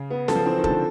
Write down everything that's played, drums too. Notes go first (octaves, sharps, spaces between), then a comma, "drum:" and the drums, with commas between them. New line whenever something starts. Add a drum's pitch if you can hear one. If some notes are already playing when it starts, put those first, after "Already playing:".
Already playing: C#3
B3
A4, drum: snare C#4
F3
E3 C4
D#3
A4, drum: kick E1
D3